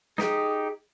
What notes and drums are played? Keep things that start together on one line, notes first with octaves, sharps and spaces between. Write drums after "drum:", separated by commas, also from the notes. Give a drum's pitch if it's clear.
D#4 G4 G#4, drum: snare